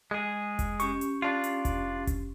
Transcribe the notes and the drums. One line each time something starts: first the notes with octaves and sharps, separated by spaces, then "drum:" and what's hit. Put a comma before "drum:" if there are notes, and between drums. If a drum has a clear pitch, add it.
G#3 G#4
drum: kick F1, hi-hat
C#4 G4 C#6, drum: hi-hat
drum: hi-hat
D4 F4
drum: hi-hat
drum: kick F1, hi-hat
drum: kick F1, hi-hat